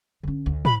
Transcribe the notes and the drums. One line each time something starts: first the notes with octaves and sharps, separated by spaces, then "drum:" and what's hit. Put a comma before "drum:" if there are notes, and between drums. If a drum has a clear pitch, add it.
D3 C#4
D2
E3 B5, drum: tom